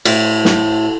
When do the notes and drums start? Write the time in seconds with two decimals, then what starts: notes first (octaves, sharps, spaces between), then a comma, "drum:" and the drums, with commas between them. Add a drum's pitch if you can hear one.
0.05 A2, drum: cymbal
0.45 drum: snare